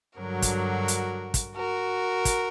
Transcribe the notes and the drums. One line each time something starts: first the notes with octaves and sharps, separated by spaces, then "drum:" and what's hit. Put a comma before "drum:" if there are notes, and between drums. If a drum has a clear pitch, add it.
G2 D3 F#3 F#4 A#4
drum: kick, hi-hat
drum: hi-hat
drum: kick, hi-hat
F#4 A#4
drum: kick, hi-hat